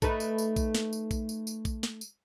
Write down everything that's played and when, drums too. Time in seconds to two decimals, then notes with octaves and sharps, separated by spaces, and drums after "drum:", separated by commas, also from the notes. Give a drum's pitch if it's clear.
0.02 A3 D#4 B4, drum: kick A#1, tambourine
0.20 drum: tambourine
0.38 drum: tambourine
0.56 drum: kick A#1, tambourine
0.75 drum: snare
0.93 drum: tambourine
1.11 drum: kick A#1, tambourine
1.29 drum: tambourine
1.47 drum: tambourine
1.65 drum: kick A#1, tambourine
1.83 drum: snare
2.01 drum: tambourine